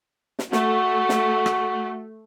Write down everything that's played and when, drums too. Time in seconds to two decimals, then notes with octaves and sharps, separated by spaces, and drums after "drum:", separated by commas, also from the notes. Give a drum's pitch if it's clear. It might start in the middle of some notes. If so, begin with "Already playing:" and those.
0.39 drum: snare
0.52 A3 F#4, drum: snare
1.09 drum: snare
1.46 drum: rim click